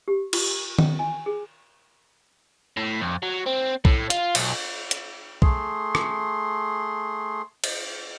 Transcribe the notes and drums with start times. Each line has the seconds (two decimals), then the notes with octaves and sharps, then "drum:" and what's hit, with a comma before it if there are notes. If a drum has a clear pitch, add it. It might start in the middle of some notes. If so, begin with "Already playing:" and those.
0.08 G4
0.33 F4, drum: cymbal
0.79 G5, drum: tom D#3
0.99 G#5
1.26 G#4
2.77 A2
3.01 F2
3.23 F#3
3.46 C4
3.85 A2, drum: kick B1
4.10 F4, drum: hi-hat
4.35 B1, drum: cymbal
4.91 drum: hi-hat
5.42 A3 G#4 C6, drum: kick B1
5.95 drum: rim click
7.64 drum: cymbal